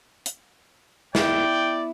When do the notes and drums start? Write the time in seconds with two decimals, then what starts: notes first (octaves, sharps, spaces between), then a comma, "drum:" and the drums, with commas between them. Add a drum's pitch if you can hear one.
0.26 drum: hi-hat
1.15 B3 E4 D5 G5, drum: snare